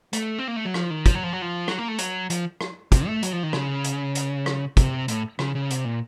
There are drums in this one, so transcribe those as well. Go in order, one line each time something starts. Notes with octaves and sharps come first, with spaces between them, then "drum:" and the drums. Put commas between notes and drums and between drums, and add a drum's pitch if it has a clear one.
A3, drum: hi-hat
C4
A#3
A3
F#3
F3, drum: rim click
D#3
F3, drum: kick, hi-hat
F#3
F3
F#3
F3
F#3, drum: rim click
A#3
A3
F#3, drum: hi-hat
F3, drum: hi-hat
drum: rim click
C3, drum: kick, hi-hat
A3
F#3, drum: hi-hat
F3
D#3
C#3, drum: rim click
drum: hi-hat
drum: hi-hat
drum: rim click
C3, drum: kick, hi-hat
A2, drum: hi-hat
C#3, drum: rim click
C#3
C3, drum: hi-hat
A#2